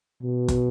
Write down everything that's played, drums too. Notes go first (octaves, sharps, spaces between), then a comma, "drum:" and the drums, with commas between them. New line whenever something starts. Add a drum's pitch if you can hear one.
B2
drum: kick, hi-hat